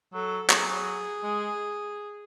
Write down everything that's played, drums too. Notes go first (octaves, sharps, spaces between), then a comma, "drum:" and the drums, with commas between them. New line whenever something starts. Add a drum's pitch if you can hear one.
F#3 A4
F#3 G#4, drum: clap
G#3